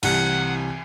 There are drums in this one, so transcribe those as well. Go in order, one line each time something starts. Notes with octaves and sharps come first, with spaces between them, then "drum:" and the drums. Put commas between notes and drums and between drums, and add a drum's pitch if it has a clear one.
C2 C3 E3 F#5, drum: cymbal